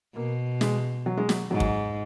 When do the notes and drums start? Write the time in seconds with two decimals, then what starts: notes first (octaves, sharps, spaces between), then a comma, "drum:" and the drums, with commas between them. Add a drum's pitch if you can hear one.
0.15 B2 A#3
0.61 G#3, drum: snare
1.06 F#3
1.17 G#3
1.29 F#3, drum: snare
1.51 G#2 F#3
1.60 drum: kick